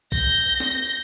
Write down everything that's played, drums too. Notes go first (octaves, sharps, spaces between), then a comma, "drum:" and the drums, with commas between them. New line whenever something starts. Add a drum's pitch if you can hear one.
G6 A#6, drum: kick A#1, tambourine
drum: snare
drum: tambourine